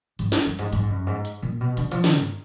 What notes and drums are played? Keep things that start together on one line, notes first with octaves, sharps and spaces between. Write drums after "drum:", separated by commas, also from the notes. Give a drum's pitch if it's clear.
G#2, drum: hi-hat
F#2, drum: snare
F#2, drum: hi-hat
G#2, drum: hi-hat
G#2, drum: hi-hat
F#2
G#2
drum: hi-hat
A#2
B2
D3, drum: hi-hat
F3, drum: hi-hat
D#3, drum: snare
G#2, drum: hi-hat